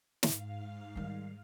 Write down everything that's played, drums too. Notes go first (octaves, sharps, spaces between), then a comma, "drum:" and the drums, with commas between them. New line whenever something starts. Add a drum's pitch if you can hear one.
G#2 F5, drum: snare
D#3 G3